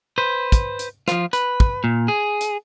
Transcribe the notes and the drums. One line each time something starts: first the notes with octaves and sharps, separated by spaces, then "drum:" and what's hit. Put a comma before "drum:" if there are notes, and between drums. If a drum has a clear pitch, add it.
B4 C5
drum: kick, hi-hat
drum: hi-hat
F3 F4, drum: rim click
B4, drum: hi-hat
drum: kick
A#2
G#4
drum: hi-hat